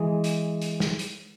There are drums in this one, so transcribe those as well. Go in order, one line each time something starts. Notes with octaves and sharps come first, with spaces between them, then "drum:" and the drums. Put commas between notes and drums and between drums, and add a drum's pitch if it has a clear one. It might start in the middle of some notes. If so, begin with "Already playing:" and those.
Already playing: E3 G#3
drum: hi-hat
drum: hi-hat
drum: snare
drum: hi-hat